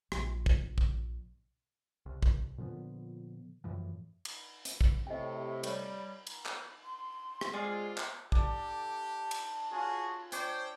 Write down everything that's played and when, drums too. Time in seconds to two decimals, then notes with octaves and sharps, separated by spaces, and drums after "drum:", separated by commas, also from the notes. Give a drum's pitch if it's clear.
0.12 A#1, drum: rim click
0.46 drum: kick
0.78 drum: kick
2.06 C2
2.22 drum: kick
2.58 A#2 D3 F3 B3
3.64 F#2 A2 E3 F3
4.25 drum: cymbal
4.65 drum: hi-hat
4.81 drum: kick
5.07 A2 C3 D#5 G5
5.63 G3 C#5 D#5, drum: cymbal
6.27 drum: cymbal
6.46 drum: clap
6.84 C6
7.41 drum: rim click
7.53 G#3 C4 F4 G#4 D5
7.98 drum: clap
8.32 D4 G4 A4 A5, drum: kick
9.31 drum: cymbal
9.72 C#4 F4 F#4 G#4
10.32 D4 C5 C#5 G5 E6, drum: hi-hat